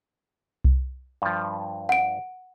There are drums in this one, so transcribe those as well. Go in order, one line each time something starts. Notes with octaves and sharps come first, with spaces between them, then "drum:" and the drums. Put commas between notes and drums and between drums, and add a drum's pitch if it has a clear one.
drum: kick C2
G2 F3
F#5 D7